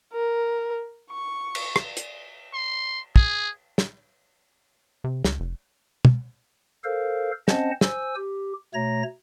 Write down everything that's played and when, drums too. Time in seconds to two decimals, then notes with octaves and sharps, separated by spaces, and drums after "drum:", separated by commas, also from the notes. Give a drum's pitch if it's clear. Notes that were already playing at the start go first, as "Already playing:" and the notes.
0.13 A#4
1.10 C#6
1.55 drum: cymbal
1.76 drum: rim click
1.97 drum: hi-hat
2.54 C6
3.16 G#4, drum: kick
3.78 drum: snare
5.04 C3
5.25 C#2, drum: snare
5.40 F1
6.05 drum: tom
6.84 A4 A#4 C5 F5
7.48 C4 C#4 C5 D#5 F#5 A5, drum: snare
7.81 C5 G#5 E6, drum: snare
8.16 G4
8.74 B2 A3 C#5 A#5 A#6